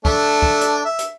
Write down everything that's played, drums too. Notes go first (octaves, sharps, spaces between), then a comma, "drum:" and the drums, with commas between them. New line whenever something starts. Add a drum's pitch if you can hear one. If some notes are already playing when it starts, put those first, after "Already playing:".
A3 D4, drum: kick
drum: kick
drum: hi-hat
E5
drum: hi-hat